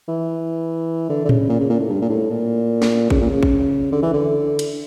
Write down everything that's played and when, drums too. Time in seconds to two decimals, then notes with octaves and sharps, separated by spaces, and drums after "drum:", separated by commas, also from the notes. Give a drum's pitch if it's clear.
0.08 E3
1.09 D3
1.25 D3
1.29 C#3, drum: tom A2
1.49 A#2
1.60 C#3
1.70 A#2
1.80 A2
1.90 G2
2.02 A#2
2.10 A2
2.30 A#2
2.82 drum: snare
3.10 C#3, drum: kick A1
3.21 A#2
3.29 C#3
3.43 drum: kick A1
3.92 D3
4.03 E3
4.13 D3
4.59 drum: cymbal